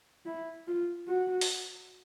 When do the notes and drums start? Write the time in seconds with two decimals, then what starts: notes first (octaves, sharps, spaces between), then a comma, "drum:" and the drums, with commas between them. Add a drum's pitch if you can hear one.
0.26 E4
0.67 F4
1.08 F#4
1.41 drum: open hi-hat